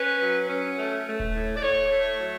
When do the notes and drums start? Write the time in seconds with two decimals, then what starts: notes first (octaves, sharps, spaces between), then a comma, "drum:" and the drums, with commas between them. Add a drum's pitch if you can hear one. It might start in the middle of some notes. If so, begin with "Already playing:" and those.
Already playing: C#4 B4
0.20 F#3
0.48 C#4
0.77 A3
1.06 A3
1.20 drum: kick D#1
1.34 A2
1.57 D5
1.63 A2 C#5
1.90 A3
2.19 F#3